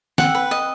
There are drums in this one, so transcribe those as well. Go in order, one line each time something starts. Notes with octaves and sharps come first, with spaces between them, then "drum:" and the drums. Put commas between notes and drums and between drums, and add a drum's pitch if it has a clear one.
C4 F#5, drum: snare
B4
D#5